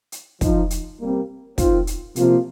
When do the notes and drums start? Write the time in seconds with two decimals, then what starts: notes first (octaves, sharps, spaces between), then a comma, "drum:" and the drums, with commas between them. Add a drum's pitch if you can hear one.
0.12 drum: hi-hat
0.41 F3 D#4, drum: kick, hi-hat
0.70 drum: hi-hat
1.00 C3 G3 A#3
1.58 D#3 C4 F4, drum: kick, hi-hat
1.87 drum: hi-hat
2.16 C3 F3 A#3 F4, drum: hi-hat